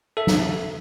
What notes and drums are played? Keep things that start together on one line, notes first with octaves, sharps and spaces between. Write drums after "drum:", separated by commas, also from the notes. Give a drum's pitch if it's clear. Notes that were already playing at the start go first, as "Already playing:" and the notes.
A4 E5
drum: snare